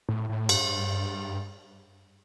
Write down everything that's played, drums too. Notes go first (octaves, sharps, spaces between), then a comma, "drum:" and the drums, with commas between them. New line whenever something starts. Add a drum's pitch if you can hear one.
A2
A2
G2, drum: cymbal